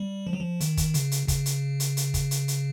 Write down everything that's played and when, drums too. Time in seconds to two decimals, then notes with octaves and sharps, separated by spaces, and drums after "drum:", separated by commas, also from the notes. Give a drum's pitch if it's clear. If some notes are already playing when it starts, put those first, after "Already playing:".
Already playing: G3
0.27 F3
0.33 F#3
0.40 F3
0.60 D#3, drum: hi-hat
0.77 drum: kick, hi-hat
0.94 C#3, drum: hi-hat
1.11 drum: hi-hat
1.28 C#3, drum: kick, hi-hat
1.46 drum: hi-hat
1.80 drum: hi-hat
1.97 drum: hi-hat
2.14 drum: kick, hi-hat
2.31 drum: hi-hat
2.48 drum: hi-hat